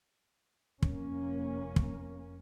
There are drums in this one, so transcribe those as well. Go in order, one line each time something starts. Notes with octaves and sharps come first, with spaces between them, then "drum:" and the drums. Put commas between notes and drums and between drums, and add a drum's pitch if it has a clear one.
F1 A#3 C#4, drum: kick
drum: kick